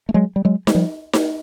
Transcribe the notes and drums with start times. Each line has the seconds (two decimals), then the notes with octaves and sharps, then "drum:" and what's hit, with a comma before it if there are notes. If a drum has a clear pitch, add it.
0.09 A3
0.14 F#3 G#3
0.36 G3
0.45 F#3 G#3
0.67 G#3, drum: snare D#4
0.75 F3 G3
1.13 drum: snare D#4